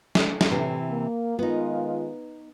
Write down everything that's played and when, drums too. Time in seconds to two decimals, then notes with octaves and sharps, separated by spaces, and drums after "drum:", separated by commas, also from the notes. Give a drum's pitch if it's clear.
0.15 drum: snare
0.41 drum: snare
0.51 A2 C3 E3
0.89 A#3
1.39 D#3 G#3 B3 D#4 F4